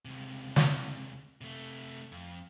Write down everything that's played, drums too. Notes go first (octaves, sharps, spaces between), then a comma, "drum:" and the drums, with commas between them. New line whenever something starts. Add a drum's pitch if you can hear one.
C#2 C3
drum: snare
C3 A3
F2